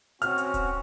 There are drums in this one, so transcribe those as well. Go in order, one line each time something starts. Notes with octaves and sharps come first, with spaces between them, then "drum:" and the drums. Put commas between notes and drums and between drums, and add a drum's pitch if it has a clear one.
C4 C#4 F#4 F6, drum: hi-hat
drum: hi-hat
drum: kick D1, hi-hat